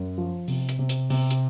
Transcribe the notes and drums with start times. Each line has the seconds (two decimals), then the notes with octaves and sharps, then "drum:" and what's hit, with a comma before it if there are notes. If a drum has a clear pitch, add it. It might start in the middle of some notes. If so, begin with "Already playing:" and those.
Already playing: F#2
0.18 F3
0.48 C3, drum: open hi-hat
0.69 drum: hi-hat
0.79 C3
0.89 drum: hi-hat
1.10 C3, drum: open hi-hat
1.31 drum: hi-hat